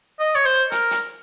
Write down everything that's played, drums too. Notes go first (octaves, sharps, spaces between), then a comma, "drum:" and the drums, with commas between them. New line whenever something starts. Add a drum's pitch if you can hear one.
D#5
C#5
C5
A#4, drum: hi-hat
drum: hi-hat